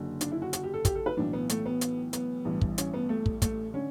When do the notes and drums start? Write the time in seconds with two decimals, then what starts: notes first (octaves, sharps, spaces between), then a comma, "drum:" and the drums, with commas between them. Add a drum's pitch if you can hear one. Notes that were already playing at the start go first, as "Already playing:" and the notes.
Already playing: F#1 F#2 D3
0.21 D4, drum: hi-hat
0.32 E4
0.42 F#4
0.53 F#4, drum: hi-hat
0.64 G4
0.74 A4
0.85 G4, drum: kick, hi-hat
0.95 A4
1.06 B4
1.17 B1 A2 E3 D4
1.33 B3
1.49 A3, drum: hi-hat
1.66 B3
1.81 drum: hi-hat
2.13 B3, drum: hi-hat
2.45 A1 G2 E3
2.61 drum: kick
2.78 C#4, drum: hi-hat
2.94 B3
3.09 A3
3.26 drum: kick
3.42 A3, drum: kick, hi-hat
3.74 D3 C#4